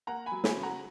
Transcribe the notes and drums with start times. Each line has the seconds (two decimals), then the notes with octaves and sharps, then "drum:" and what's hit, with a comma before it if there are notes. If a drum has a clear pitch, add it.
0.07 A#3 F#5 A#5
0.26 G#5 B5
0.32 F#3
0.44 G#5 B5, drum: snare
0.56 C#3
0.63 F#5 A#5